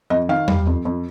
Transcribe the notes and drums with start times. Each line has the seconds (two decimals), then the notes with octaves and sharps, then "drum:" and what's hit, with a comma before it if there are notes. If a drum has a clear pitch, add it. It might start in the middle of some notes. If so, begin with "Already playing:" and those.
0.10 F2 D#5
0.29 D#3 F5
0.48 G3, drum: tom E2
0.67 F2
0.85 F2